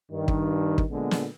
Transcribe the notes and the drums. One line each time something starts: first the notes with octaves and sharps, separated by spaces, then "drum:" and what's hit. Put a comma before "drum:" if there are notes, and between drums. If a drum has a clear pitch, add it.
G2 D#3
drum: kick
drum: kick
A#2 D3 G#3 B3
drum: snare